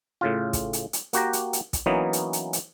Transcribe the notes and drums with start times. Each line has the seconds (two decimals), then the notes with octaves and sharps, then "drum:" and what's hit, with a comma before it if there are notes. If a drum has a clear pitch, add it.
0.21 A2 C#3 F4
0.53 drum: kick, hi-hat
0.73 drum: hi-hat
0.93 drum: hi-hat
1.13 A#3 F#4 G4 A#5, drum: hi-hat
1.33 drum: hi-hat
1.53 drum: hi-hat
1.73 drum: kick, hi-hat
1.86 E3 F#3 A#3 B3 C#4 D#4
2.13 drum: hi-hat
2.33 drum: hi-hat
2.53 drum: hi-hat